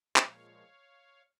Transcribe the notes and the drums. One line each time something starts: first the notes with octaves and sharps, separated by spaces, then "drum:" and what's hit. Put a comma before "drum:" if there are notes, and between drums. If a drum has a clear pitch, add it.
A#2 F3 G#3 C#5 F5, drum: clap